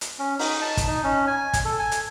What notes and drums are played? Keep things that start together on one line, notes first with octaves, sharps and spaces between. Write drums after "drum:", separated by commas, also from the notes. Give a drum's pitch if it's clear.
drum: hi-hat
C#4
D#4, drum: open hi-hat
A5
drum: kick, hi-hat
D#4
C#4
G#5
drum: kick, hi-hat
A4
G#5
drum: hi-hat